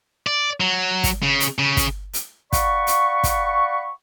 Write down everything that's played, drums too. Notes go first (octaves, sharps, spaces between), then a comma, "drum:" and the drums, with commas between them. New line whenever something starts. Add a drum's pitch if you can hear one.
D5
F#3
drum: kick, hi-hat
C#3
drum: hi-hat
C#3
drum: kick, hi-hat
drum: hi-hat
D5 F5 F#5 B5 C#6, drum: kick, hi-hat
drum: hi-hat
drum: kick, hi-hat